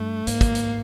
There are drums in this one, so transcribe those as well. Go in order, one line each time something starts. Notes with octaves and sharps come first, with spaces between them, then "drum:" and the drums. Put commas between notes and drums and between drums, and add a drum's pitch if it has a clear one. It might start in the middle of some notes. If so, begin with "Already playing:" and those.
Already playing: G2 A3
G#2 A#3, drum: hi-hat
drum: kick, hi-hat
drum: hi-hat